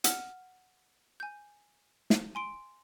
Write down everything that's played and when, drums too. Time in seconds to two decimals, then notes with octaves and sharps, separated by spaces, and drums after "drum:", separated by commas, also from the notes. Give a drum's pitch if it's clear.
0.04 F#5 F6, drum: hi-hat
1.20 G#5 G6
2.10 drum: snare
2.35 G#5 C6 D7